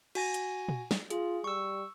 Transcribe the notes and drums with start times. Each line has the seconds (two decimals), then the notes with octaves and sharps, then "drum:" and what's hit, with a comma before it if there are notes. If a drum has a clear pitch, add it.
0.15 F#4 G#5 A#6, drum: cymbal
0.34 drum: hi-hat
0.68 drum: tom A#2
0.91 drum: snare
1.10 F4 G#4, drum: hi-hat
1.44 G3 C#6 E6